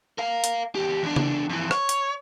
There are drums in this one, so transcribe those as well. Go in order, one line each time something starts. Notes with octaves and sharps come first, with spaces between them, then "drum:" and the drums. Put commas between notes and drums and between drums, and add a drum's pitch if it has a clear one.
A#4 F5
drum: hi-hat
E2 G4
E2 D4
drum: tom C#3
F2 E3
C#5, drum: rim click
drum: hi-hat